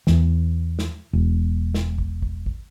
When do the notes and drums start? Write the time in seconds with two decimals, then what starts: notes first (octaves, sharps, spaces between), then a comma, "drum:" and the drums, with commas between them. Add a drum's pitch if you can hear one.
0.07 E2 E3, drum: snare
0.79 drum: snare
1.13 E1
1.74 drum: snare
1.98 drum: kick
2.22 drum: kick
2.46 drum: kick